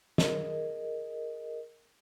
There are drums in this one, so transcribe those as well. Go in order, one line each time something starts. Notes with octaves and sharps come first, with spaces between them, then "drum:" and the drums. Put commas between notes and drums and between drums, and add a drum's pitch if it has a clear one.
G#4 A#4 D#5, drum: snare